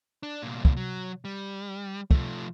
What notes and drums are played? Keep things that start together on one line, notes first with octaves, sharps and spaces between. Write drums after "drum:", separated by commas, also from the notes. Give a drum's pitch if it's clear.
D4
C2 A#2
drum: kick
F#3
G3
F3 A3, drum: kick